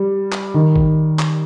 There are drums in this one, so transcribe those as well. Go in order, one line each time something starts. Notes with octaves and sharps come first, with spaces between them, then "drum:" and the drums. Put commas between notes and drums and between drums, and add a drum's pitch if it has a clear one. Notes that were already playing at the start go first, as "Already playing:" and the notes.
Already playing: G3
drum: clap
D#3
drum: kick A1
drum: clap